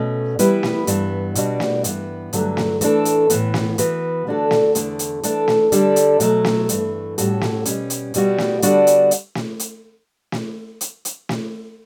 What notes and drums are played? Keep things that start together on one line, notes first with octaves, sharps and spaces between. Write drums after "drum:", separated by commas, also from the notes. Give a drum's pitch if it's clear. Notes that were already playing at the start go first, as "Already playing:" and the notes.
Already playing: B2 A3 C#4
E3 G3 B3 E4 B4, drum: hi-hat
drum: snare
G2 E3 B3, drum: hi-hat
B2 G3 D4 F#4, drum: hi-hat
drum: snare
G2 E3 B3, drum: hi-hat
G2 D3 F#3 A3, drum: hi-hat
drum: snare
E3 A3 D4 A4, drum: hi-hat
drum: hi-hat
A2 E3 B3, drum: hi-hat
drum: snare
E3 B3 F#4 B4, drum: hi-hat
D3 A3 D4 F#4 A4
drum: snare
E2 D3 A3, drum: hi-hat
drum: hi-hat
E3 A3 D4 A4, drum: hi-hat
drum: snare
D3 G3 D4 A4, drum: hi-hat
drum: hi-hat
B2 F#3 A3, drum: hi-hat
drum: snare
G2 E3 A3, drum: hi-hat
A2 G3 C#4 F#4 A4, drum: hi-hat
drum: snare
B2 G3 C#4, drum: hi-hat
drum: hi-hat
B2 G3 B3 F#4, drum: hi-hat
drum: snare
D3 G3 B3 D4 F#4, drum: hi-hat
drum: hi-hat
drum: hi-hat
drum: snare
drum: hi-hat
drum: snare
drum: hi-hat
drum: hi-hat
drum: snare